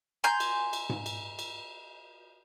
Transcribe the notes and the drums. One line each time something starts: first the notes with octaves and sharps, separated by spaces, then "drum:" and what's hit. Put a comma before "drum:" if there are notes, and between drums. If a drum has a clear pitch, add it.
G#5 A#5 C6 G6
drum: cymbal
drum: cymbal
drum: tom G#2
drum: cymbal
drum: cymbal